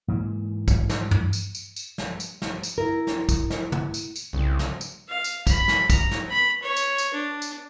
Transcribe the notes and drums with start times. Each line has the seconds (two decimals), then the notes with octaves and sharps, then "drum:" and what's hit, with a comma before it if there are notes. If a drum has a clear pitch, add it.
0.08 G#2 E3 A#3
0.68 drum: kick, tambourine
0.89 drum: snare
1.11 drum: tom
1.33 drum: tambourine
1.55 drum: tambourine
1.76 drum: tambourine
1.98 drum: snare
2.20 drum: tambourine
2.42 drum: snare
2.63 drum: tambourine
2.78 E4 A#4
3.07 drum: snare
3.29 drum: kick, tambourine
3.50 drum: snare
3.72 drum: tom
3.94 drum: tambourine
4.16 drum: tambourine
4.33 C2 C#3
4.59 drum: snare
4.81 drum: tambourine
5.08 F5
5.24 drum: tambourine
5.47 B5, drum: kick, tambourine
5.68 drum: snare
5.90 A#5, drum: kick, tambourine
6.11 drum: snare
6.30 B5
6.63 C#5
6.77 drum: tambourine
6.98 drum: tambourine
7.13 D4
7.42 drum: tambourine